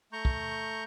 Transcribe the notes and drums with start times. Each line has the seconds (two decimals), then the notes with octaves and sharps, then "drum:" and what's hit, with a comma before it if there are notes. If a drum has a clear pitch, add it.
0.13 A3 A#5 C#6 G6
0.25 drum: kick